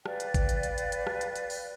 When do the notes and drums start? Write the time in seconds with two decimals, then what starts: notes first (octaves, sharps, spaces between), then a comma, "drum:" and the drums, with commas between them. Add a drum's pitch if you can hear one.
0.06 B4 D5 F5 G5, drum: rim click
0.20 drum: hi-hat
0.34 drum: kick A1, hi-hat
0.49 drum: hi-hat
0.63 drum: hi-hat
0.78 drum: hi-hat
0.92 drum: hi-hat
1.07 drum: rim click
1.21 drum: hi-hat
1.36 drum: hi-hat
1.50 drum: open hi-hat